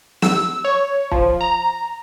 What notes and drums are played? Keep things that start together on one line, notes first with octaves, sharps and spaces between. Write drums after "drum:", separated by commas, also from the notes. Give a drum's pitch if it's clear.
E6, drum: snare
C#5
F3, drum: kick C#1
A#5